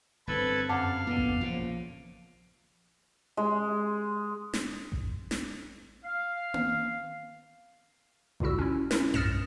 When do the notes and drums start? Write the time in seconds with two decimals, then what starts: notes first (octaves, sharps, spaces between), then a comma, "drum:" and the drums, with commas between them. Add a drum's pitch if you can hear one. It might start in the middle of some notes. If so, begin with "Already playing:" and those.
0.27 G1 G2 C4 A4 B4 G#6
0.69 F#2 F5 F#5 A5 D6
1.07 F2 A#2 D3 B3
1.17 drum: kick A1
1.41 A#1 A#2 C#3 F3
3.37 G#3
4.53 drum: snare
4.92 drum: kick A1
5.31 drum: snare
6.04 F5
6.54 drum: tom A#3
8.40 C#2 A#2 D3 E4 F#4 E6, drum: kick A1
8.59 C#4 E4
8.91 C#4 E4 A#4, drum: snare
9.14 D#6 F6 A6 A#6 C#7 E7, drum: tom F#2